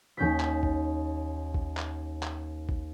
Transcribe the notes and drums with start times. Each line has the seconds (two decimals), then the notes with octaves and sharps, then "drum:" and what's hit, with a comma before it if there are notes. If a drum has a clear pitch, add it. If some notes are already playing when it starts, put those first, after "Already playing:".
0.17 D#2 C#4 G6 B6
0.40 drum: clap
0.63 drum: kick A1
1.54 drum: kick A1
1.77 drum: clap
2.23 drum: clap
2.69 drum: kick A1